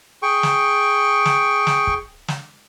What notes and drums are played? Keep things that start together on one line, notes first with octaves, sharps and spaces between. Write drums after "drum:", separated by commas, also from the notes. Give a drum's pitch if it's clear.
G#4 G5 C#6
drum: snare
drum: snare
drum: snare
drum: kick
drum: snare